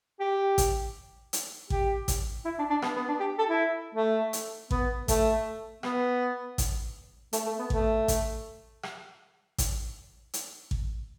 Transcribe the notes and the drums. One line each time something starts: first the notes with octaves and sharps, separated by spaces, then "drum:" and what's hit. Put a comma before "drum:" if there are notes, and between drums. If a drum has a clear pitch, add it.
G4
drum: kick A1, hi-hat
drum: hi-hat
G4, drum: kick A1
drum: kick A1, hi-hat
E4
D4
D4
B3, drum: rim click
B3
D4
G4
A4
E4
A3
drum: hi-hat
B3, drum: kick A1
A3, drum: kick A1, hi-hat
B3, drum: rim click
drum: kick A1, hi-hat
A3, drum: hi-hat
A3
B3
A3, drum: kick A1
drum: kick A1, hi-hat
drum: rim click
drum: kick A1, hi-hat
drum: hi-hat
drum: kick A1